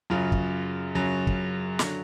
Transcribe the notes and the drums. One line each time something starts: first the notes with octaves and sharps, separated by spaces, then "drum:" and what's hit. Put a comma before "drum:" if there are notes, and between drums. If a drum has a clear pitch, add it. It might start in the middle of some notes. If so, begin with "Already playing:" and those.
F#2 C#3 F#3 F4
drum: kick
F#2 C#3 F#3
drum: kick
D3 F#3, drum: snare